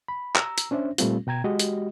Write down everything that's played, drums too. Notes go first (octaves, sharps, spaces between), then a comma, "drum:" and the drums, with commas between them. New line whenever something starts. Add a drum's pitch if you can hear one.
B5
A#5 E6, drum: clap
drum: hi-hat
C#4 D4 C5 E5
A#2 G3 A3 C4 F4, drum: hi-hat
B2 G5 A#5 G#6
G#3 F#4 G4 D#5
drum: hi-hat